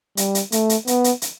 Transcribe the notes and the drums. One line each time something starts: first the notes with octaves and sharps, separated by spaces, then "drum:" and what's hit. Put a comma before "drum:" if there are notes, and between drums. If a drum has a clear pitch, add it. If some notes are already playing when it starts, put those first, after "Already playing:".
G3, drum: hi-hat
drum: hi-hat
A3, drum: hi-hat
drum: hi-hat
B3, drum: hi-hat
drum: hi-hat
drum: hi-hat